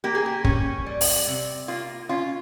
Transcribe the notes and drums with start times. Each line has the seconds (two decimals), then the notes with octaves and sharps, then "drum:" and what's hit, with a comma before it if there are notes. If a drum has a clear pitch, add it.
0.04 A#3 G4
0.15 G#4
0.26 G4
0.44 C#4, drum: kick
0.86 G3
1.01 drum: open hi-hat
1.27 C3
1.68 A#3 F4
2.09 C#4 F4